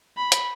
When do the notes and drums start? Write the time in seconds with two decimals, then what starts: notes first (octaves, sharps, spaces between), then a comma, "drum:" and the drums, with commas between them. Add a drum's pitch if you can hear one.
0.18 B5
0.32 drum: hi-hat